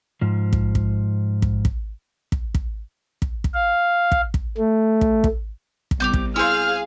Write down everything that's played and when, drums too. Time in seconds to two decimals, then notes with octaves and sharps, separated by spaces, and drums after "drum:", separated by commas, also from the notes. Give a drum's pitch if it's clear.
0.21 G#2 F3
0.53 drum: kick
0.75 drum: kick
1.42 drum: kick
1.65 drum: kick
2.32 drum: kick
2.54 drum: kick
3.22 drum: kick
3.44 drum: kick
3.54 F5
4.12 drum: kick
4.34 drum: kick
4.58 A3
5.01 drum: kick
5.24 drum: kick
5.91 drum: kick
6.00 C2 B3 G4 D6 G6
6.13 drum: kick
6.36 E4 G#4 C5 F5 C6 E6 F6